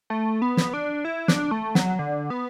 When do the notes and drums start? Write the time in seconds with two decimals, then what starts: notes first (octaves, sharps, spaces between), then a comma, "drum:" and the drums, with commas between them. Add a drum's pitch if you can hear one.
0.10 A3
0.42 B3
0.57 drum: snare
0.73 D4
1.05 E4
1.28 D4, drum: snare
1.51 A3
1.75 F#3, drum: snare
1.99 D3
2.30 B3